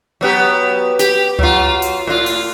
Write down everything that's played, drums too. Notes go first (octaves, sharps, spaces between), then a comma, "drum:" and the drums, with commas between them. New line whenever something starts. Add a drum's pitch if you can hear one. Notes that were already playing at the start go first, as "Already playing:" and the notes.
F#3 B3 G4
G4, drum: snare
F#3 F4, drum: tom C#2
drum: hi-hat
A2 F4
drum: open hi-hat